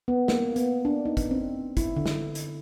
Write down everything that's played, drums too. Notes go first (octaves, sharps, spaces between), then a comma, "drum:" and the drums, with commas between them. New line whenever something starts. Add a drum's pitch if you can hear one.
B3
A#3, drum: snare
B3, drum: hi-hat
D4
D#4
drum: kick, hi-hat
C4
E4, drum: kick, hi-hat
D3
drum: snare
drum: hi-hat